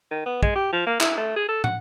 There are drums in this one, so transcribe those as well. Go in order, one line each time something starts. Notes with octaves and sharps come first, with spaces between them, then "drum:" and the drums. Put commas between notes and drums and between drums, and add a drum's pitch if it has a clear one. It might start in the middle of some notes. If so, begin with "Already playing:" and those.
D#3
B3
G#3, drum: kick
G4
F3
A#3
E4, drum: clap
A3
G#4
A4
F#5, drum: tom